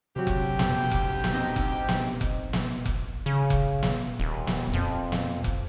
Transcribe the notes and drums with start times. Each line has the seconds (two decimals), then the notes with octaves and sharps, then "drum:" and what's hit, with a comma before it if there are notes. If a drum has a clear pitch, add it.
0.16 D2 C3 F#3 G4
0.27 drum: kick F1
0.59 F2 C3, drum: snare
0.91 drum: kick F1
1.24 drum: snare
1.33 C4 D#4
1.56 drum: kick F1
1.88 drum: snare
2.21 drum: kick F1
2.53 drum: snare
2.86 drum: kick F1
3.26 C#3
3.50 drum: kick F1
3.83 drum: snare
4.20 D#1
4.47 drum: snare
4.73 F2
5.12 drum: snare
5.44 drum: kick F1